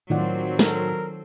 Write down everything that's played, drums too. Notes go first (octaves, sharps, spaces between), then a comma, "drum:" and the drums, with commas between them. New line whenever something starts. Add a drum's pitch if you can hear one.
A2 D#3 F#3 C4 D#4 F4 D5 F#5
A4 A#4, drum: snare